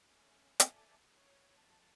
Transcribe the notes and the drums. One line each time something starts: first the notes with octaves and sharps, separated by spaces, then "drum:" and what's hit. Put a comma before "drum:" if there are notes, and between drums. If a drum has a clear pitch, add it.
A3 C#4
A4 D5 E5 G#5 A5 D6, drum: hi-hat
C#5
F2 A5